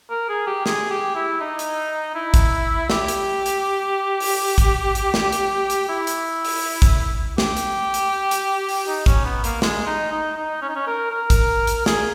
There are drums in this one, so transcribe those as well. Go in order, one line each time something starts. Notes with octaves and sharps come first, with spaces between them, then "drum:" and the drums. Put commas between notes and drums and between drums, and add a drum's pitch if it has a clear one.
A#4
G#4
G4
G#4, drum: snare
G4
E4
D#4
drum: hi-hat
E4
drum: kick A1, hi-hat
G4, drum: snare
drum: hi-hat
drum: hi-hat
drum: open hi-hat
drum: kick A1, hi-hat
drum: hi-hat
drum: snare
drum: hi-hat
drum: hi-hat
E4
drum: hi-hat
drum: open hi-hat
drum: kick A1, hi-hat
G4, drum: snare
drum: hi-hat
drum: hi-hat
drum: hi-hat
drum: open hi-hat
D#4
C#4, drum: kick A1, hi-hat
B3
A#3, drum: hi-hat
G#3, drum: snare
D#4
D#4
D#4
C#4
D#4
C#4
A#4
A#4
drum: kick A1, hi-hat
drum: hi-hat
G#4, drum: snare